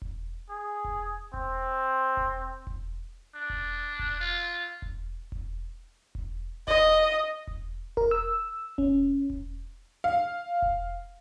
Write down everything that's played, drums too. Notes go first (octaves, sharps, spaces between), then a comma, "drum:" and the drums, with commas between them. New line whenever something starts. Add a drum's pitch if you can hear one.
drum: kick E1
G#4
drum: kick E1
C4, drum: kick E1
drum: kick E1
drum: kick E1
D4
drum: kick E1
drum: kick E1
F4
drum: kick E1
drum: kick E1
drum: kick E1
D#5, drum: kick E1
drum: kick E1
A#4, drum: kick E1
E6
C#4, drum: kick E1
drum: kick E1
F5
drum: kick E1